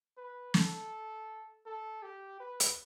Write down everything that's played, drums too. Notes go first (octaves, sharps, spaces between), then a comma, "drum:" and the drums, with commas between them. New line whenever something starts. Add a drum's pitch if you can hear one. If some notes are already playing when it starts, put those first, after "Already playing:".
B4
A4, drum: snare
A4
G4
B4
drum: hi-hat